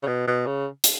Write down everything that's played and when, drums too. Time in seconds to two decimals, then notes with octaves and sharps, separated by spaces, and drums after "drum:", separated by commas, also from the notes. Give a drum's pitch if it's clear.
0.03 C#3
0.07 B2
0.27 B2
0.46 C#3
0.84 drum: hi-hat